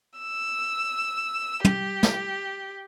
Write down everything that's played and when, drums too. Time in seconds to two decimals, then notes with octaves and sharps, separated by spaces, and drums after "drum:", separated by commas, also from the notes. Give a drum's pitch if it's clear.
0.19 E6
1.65 G4, drum: tom
2.03 drum: snare